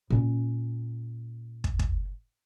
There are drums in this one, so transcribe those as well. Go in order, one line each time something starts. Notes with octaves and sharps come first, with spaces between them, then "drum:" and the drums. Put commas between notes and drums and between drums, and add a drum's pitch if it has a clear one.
A#2 C#4
drum: kick
drum: kick